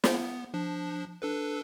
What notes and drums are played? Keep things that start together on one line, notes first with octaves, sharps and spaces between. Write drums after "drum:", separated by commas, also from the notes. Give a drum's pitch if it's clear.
B3, drum: snare
F3 D4
D4 A4 B4